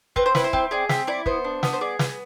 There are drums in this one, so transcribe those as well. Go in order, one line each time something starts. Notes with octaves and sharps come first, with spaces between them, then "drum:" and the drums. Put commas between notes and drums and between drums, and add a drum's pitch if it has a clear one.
C4 B4, drum: kick
C5
E4 B4, drum: snare
C5
C4, drum: kick
G#4 D5
C4 E5, drum: snare
E4 D5
B3 C5, drum: kick
D4
B3, drum: snare
C5
G#4 D5
B3, drum: snare